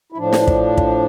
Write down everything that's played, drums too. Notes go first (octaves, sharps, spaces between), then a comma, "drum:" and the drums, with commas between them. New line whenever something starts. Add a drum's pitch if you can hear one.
E4
A2 F3 D4
drum: snare
drum: kick
drum: kick